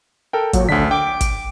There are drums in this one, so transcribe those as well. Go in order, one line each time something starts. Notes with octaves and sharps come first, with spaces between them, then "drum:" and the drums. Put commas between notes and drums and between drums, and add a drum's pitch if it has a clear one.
A4 A#4 G5
A#2 F#3, drum: kick, hi-hat
D2 D3 D4 B6
G5 D6
drum: kick, hi-hat